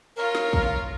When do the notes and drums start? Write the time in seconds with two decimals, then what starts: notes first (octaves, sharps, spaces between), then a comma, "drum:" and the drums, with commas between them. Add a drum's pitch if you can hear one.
0.16 F4 A#4 C#5
0.35 drum: snare
0.53 drum: kick